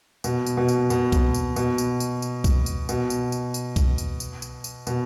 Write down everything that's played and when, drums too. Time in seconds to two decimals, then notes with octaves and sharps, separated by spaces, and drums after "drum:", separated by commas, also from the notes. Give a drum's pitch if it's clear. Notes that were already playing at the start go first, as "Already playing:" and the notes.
0.24 B2, drum: tambourine
0.46 drum: tambourine
0.57 B2
0.68 drum: tambourine
0.90 B2, drum: tambourine
1.12 drum: kick C2, tambourine
1.34 drum: tambourine
1.56 B2, drum: tambourine
1.78 drum: tambourine
2.00 drum: tambourine
2.22 drum: tambourine
2.44 drum: kick C2, tambourine
2.66 drum: tambourine
2.89 B2, drum: tambourine
3.10 drum: tambourine
3.32 drum: tambourine
3.54 drum: tambourine
3.76 drum: kick C2, tambourine
3.98 drum: tambourine
4.20 drum: tambourine
4.42 drum: tambourine
4.64 drum: tambourine
4.87 B2, drum: tambourine